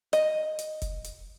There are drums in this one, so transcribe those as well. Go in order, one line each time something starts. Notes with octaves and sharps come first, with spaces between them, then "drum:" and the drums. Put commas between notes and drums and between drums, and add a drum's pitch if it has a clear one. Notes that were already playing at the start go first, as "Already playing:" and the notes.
D#5, drum: hi-hat
drum: hi-hat
drum: kick, hi-hat
drum: hi-hat